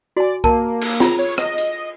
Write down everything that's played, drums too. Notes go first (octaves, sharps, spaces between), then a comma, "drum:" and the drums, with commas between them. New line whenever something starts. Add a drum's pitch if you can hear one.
F#4 D5 G#5
A#3 A#4 A5, drum: kick B1
drum: cymbal
F4 G#4 A#5, drum: snare
C#5
D#5, drum: rim click
drum: hi-hat